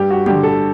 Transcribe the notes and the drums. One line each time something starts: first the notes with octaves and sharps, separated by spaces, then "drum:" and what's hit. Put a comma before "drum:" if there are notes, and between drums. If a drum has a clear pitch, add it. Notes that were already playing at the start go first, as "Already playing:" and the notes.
Already playing: G2 G4
F#4
D3 G4, drum: tom
A4